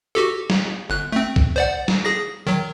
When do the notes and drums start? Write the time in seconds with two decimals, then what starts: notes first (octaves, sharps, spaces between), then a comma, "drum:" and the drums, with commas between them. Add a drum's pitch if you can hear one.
0.15 F#4 G4 A4
0.50 drum: snare
0.90 G1 F#6
1.12 A3 C4
1.36 drum: kick B1
1.56 C5 D5 F#5
1.88 drum: snare
2.05 G#4 A#6
2.47 D#3 F#3